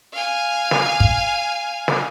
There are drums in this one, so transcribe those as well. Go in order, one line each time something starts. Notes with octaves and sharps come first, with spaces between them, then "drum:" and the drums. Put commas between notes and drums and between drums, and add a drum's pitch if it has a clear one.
F5 G#5
drum: snare
drum: kick
drum: snare